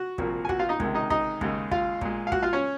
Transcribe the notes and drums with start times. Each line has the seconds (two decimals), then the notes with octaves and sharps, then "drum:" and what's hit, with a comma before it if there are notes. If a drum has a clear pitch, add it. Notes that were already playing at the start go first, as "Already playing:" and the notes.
Already playing: F#4 F#5
0.18 C2 A#2 F3 A#3, drum: kick
0.45 G#5
0.49 F#4 F#5, drum: kick
0.59 F4 F5
0.69 D#4 D#5
0.80 C#2 C3 D#3 G#3, drum: kick
0.95 D#4 D#5
1.10 D#4 D#5, drum: kick
1.41 D#2 C#3 G#3, drum: kick
1.71 F4 F5, drum: kick
2.01 A#2 G#3, drum: kick
2.27 F5
2.32 F#4 F#5, drum: kick
2.43 F4 F5
2.53 C#4 C#5